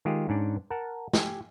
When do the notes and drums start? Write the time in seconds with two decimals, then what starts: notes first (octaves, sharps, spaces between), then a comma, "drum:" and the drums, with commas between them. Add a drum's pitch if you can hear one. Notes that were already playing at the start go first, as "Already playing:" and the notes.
0.05 D#3 G#3 F4 G4 G#4
0.29 G#2 C#4 D4 D5
0.70 A#4 F#5 A5
1.13 G4 G#5, drum: snare